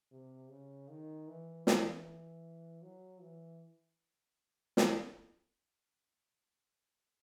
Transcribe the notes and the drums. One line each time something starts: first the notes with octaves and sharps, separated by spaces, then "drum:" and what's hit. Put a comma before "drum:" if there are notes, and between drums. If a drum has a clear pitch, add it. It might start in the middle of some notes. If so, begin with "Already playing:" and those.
C3
C#3
D#3
E3
E3, drum: snare
F#3
E3
drum: snare